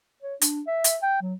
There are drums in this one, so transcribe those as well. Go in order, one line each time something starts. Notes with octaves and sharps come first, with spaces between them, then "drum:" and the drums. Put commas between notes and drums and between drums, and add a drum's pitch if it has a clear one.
C#5
D4, drum: hi-hat
E5
drum: hi-hat
G5
F#3